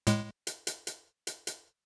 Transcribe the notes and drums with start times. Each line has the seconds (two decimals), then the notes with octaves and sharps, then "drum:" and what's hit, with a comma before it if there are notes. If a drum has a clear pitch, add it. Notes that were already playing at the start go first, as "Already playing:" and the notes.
0.07 A2 G#3, drum: hi-hat
0.47 drum: hi-hat
0.67 drum: hi-hat
0.87 drum: hi-hat
1.27 drum: hi-hat
1.47 drum: hi-hat